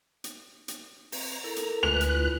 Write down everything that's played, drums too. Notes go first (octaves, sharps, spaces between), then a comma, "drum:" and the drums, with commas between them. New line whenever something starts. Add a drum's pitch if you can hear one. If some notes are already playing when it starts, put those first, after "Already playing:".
drum: hi-hat
drum: hi-hat
C4 A#5, drum: open hi-hat
E4 A4 A#4
drum: hi-hat
D2 G#3 E4 F4 B4 F#6 F7
drum: hi-hat